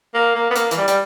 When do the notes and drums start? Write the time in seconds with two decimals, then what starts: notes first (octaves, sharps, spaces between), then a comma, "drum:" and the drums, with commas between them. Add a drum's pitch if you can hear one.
0.14 A#3
0.35 A#3
0.50 B3
0.56 A#3, drum: hi-hat
0.71 E3, drum: hi-hat
0.77 G3
0.88 G3, drum: hi-hat